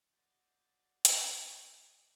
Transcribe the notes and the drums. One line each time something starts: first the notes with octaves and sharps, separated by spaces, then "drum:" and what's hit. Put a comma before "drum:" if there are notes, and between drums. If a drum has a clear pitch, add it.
F#4 D5 D#5 C6 G6 A6
drum: hi-hat